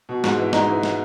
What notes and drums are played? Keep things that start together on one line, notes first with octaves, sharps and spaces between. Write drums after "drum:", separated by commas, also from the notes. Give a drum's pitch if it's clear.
B2
G#2, drum: snare
E3
G#2 D#4, drum: snare
E3
drum: snare